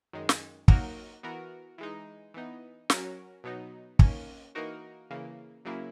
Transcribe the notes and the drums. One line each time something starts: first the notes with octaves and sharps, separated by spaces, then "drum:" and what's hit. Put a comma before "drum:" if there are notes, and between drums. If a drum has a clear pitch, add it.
F#2 D#3 G#3
drum: snare
F#3 A#3 D#4 F#4 A#4, drum: kick
E3 B3 F#4 A#4
E3 G#3 D#4
E3 B3 D#4
F#3 C#4 F#4 A#4, drum: snare
B2 F#3 B3 D#4
D#3 A#3 C#4, drum: kick
E3 A#3 D#4 F#4 A#4
C#3 E3 A#3
C#3 F#3 A#3 E4